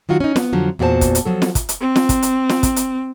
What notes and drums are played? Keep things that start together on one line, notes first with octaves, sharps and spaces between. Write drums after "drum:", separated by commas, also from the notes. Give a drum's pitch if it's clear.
D#3 F#3 F4 F#4
C#4 D#4
B3, drum: snare
F2 D3 F3 F#3
E2 A#2 F#4 G4 C5 A5
drum: kick, hi-hat
drum: hi-hat
F3 F#3 A4
drum: snare
drum: kick, hi-hat
drum: hi-hat
C4
drum: snare
drum: kick, hi-hat
drum: hi-hat
drum: snare
drum: kick, hi-hat
drum: hi-hat